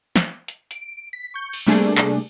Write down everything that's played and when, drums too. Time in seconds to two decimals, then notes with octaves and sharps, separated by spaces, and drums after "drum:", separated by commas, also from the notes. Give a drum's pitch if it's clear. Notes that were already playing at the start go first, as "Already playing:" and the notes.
0.16 drum: snare
0.48 drum: hi-hat
0.71 D7, drum: hi-hat
1.13 B6
1.34 C#6 G6
1.53 drum: cymbal
1.67 C3 G3 A3 A#3 D4 G#4
1.98 drum: clap